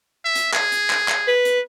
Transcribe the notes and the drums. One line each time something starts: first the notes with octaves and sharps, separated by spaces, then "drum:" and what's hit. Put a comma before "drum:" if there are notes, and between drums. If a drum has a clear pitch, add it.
E5
drum: hi-hat
G#4, drum: clap
drum: hi-hat
drum: clap
drum: clap
B4
drum: hi-hat